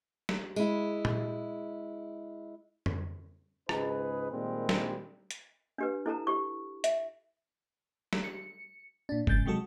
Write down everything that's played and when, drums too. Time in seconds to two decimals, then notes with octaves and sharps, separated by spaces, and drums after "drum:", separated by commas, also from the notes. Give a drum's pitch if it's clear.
0.29 drum: snare
0.56 G#3 E4, drum: tambourine
1.05 drum: tom A#2
2.86 drum: tom F2
3.69 C#2 G#2 D#4 G#4 B4, drum: rim click
4.31 A#2 D#3 G3 G#3 C4
4.69 drum: snare
5.31 drum: hi-hat
5.78 D4 G4 B4
6.06 E4 A4 A5 A#5
6.27 G4 C#6
6.84 E5, drum: hi-hat
8.13 drum: snare
8.24 C#7
9.09 A#2 D4
9.27 G#2 C#3 G6 A6, drum: kick
9.46 C3 F#3 G#3 F#4 A4